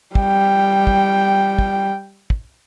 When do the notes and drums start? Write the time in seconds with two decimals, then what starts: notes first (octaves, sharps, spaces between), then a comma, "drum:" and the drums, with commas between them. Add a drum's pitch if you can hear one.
0.15 G3 G5, drum: kick
0.87 drum: kick
1.59 drum: kick
2.30 drum: kick